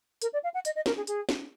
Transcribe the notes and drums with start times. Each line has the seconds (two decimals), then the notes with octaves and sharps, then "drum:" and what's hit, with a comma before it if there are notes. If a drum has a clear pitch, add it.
0.22 A#4, drum: hi-hat
0.33 D5
0.43 F5
0.54 F#5
0.65 D#5, drum: hi-hat
0.75 D#5
0.86 A#4, drum: snare
0.96 G#4
1.07 G#4, drum: hi-hat
1.29 drum: snare